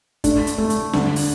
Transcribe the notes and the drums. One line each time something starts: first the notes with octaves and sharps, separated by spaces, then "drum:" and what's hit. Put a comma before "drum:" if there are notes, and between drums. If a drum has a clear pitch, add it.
A3 D4, drum: kick G1, hi-hat
drum: hi-hat
A3
drum: hi-hat
D3, drum: snare
drum: open hi-hat